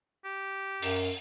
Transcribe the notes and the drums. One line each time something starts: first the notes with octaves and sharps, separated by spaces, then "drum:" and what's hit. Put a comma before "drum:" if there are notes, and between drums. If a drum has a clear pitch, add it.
G4
F#2, drum: open hi-hat